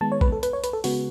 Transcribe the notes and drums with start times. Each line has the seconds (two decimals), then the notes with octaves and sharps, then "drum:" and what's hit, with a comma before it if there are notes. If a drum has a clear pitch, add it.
0.01 D#3 G#3 B3 A5
0.12 C#5
0.21 B4, drum: kick
0.32 A4
0.43 B4, drum: hi-hat
0.53 C#5
0.64 B4, drum: hi-hat
0.73 A4
0.84 C#3 G#3 B3 F#4, drum: open hi-hat